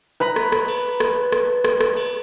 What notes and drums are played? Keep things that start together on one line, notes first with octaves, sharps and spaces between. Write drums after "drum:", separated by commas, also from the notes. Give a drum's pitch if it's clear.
B4 A#5 B5
drum: rim click
drum: rim click
drum: cymbal
drum: rim click
drum: rim click
drum: rim click
drum: rim click
drum: cymbal